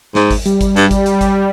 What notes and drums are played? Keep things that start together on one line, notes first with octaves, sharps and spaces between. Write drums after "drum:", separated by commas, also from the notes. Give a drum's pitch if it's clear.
G#2, drum: snare
drum: kick G#1, open hi-hat
G3, drum: hi-hat
drum: kick G#1, hi-hat
G2, drum: hi-hat
drum: kick G#1, hi-hat
drum: hi-hat
drum: kick G#1, hi-hat